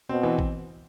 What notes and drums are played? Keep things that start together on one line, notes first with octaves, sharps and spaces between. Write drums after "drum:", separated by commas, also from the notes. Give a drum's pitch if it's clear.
B2 C4
E3
drum: kick